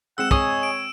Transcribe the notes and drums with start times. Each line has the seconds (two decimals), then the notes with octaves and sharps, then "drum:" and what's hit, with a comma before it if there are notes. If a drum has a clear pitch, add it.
0.18 G#3 C4 F#5 E6 E7
0.31 G#4 C#5 D#5 D#6, drum: kick
0.63 D7